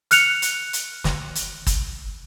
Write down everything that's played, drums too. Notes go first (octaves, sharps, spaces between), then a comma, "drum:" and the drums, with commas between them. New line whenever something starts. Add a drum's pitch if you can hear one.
F6 F#6 C#7 F7, drum: hi-hat
drum: hi-hat
drum: hi-hat
drum: snare
drum: hi-hat
drum: kick, hi-hat